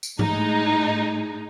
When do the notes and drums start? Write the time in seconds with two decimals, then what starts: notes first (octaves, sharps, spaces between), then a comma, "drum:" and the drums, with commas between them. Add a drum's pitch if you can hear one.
0.03 drum: tambourine
0.19 A2 G#3 D#4, drum: tom G#2